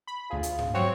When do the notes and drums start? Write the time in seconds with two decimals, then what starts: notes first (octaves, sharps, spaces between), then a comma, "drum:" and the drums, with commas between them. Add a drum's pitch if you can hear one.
0.07 B5
0.30 D2 F4 G#4
0.43 drum: hi-hat
0.59 drum: tom G#2
0.74 F#3 C4 F#4 C#5